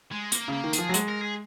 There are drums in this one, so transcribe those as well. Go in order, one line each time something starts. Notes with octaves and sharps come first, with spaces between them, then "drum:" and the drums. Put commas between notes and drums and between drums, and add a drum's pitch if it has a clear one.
G#3
A#3, drum: hi-hat
C#3 A#3
D#3
G#4, drum: hi-hat
F3
F#3
G#3, drum: hi-hat
A#4
G#4